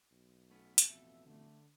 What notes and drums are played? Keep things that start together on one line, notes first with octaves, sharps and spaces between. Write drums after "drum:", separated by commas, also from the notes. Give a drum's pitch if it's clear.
B1
A3 B3 C#4
drum: hi-hat
A1 F2 B2 A4 E5
D3 A3